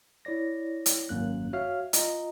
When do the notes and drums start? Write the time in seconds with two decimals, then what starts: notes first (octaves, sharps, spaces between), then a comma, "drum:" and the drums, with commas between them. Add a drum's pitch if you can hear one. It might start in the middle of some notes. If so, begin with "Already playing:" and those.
0.25 E4 C#5 D5 A#6
0.86 drum: hi-hat
1.09 G#1 F#2 A#3 F#6
1.53 F#4 C#5 E5 F5 F6
1.93 F4 D#5 A#5, drum: hi-hat